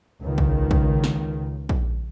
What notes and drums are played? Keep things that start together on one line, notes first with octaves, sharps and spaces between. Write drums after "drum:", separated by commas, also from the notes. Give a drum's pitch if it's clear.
C#2 D#3
drum: kick A#1
drum: kick A#1
drum: snare
drum: kick A#1